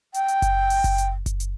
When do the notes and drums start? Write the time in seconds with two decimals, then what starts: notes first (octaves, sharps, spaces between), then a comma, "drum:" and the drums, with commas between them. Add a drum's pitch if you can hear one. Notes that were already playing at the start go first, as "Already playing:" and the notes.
0.14 G5, drum: hi-hat
0.28 drum: hi-hat
0.42 drum: kick F#1, hi-hat
0.70 drum: open hi-hat
0.84 drum: kick F#1, hi-hat
0.98 drum: hi-hat
1.26 drum: kick F#1, hi-hat
1.40 drum: hi-hat